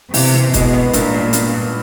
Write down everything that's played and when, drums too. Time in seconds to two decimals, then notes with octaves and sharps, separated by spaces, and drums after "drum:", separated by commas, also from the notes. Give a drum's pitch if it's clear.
0.14 C3 E3, drum: open hi-hat
0.34 E3
0.54 B2 G#3, drum: kick, hi-hat
0.73 B3
0.93 G2 A#2, drum: hi-hat
1.13 G2
1.33 G2, drum: hi-hat
1.54 G2